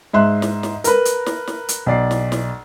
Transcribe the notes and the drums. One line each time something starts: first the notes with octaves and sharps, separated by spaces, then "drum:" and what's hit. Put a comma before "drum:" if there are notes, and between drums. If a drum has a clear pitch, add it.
G#2 E5 C6 F#6
drum: snare
drum: snare
A#4 B4, drum: hi-hat
drum: hi-hat
drum: snare
drum: snare
drum: hi-hat
B1 D5 C7
drum: snare
drum: snare